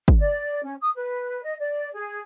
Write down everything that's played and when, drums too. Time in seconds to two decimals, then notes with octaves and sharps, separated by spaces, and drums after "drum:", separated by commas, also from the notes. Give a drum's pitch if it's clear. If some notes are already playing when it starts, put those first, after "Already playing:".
0.08 drum: kick
0.18 D5
0.63 C#4
0.80 D#6
0.95 B4
1.42 D#5
1.59 D5
1.94 G#4